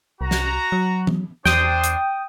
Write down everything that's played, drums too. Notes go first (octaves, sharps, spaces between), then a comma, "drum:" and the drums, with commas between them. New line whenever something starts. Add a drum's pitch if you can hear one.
C2 F#4 A#5
drum: snare
F#3
drum: tom
E2 D4 C5 G5 D#6, drum: snare
drum: hi-hat